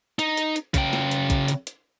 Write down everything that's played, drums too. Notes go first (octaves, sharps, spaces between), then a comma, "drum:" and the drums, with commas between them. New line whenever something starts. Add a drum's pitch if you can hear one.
D#4, drum: hi-hat
drum: hi-hat
drum: hi-hat
C#3 G5, drum: kick, hi-hat
drum: snare
drum: hi-hat
drum: kick, hi-hat
drum: hi-hat
drum: hi-hat